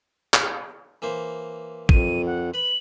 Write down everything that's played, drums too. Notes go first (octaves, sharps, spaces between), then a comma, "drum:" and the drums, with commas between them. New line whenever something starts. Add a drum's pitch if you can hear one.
drum: clap
E3 A#3 C5
F2 D#7, drum: kick
F#5
B4 B5 F#7